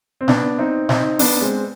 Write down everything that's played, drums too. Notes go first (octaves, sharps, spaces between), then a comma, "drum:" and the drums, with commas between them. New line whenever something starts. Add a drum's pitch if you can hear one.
C4
B3 D4, drum: snare
C4 D#4
C4 D#4, drum: snare
B3 D4, drum: open hi-hat
G#3 C4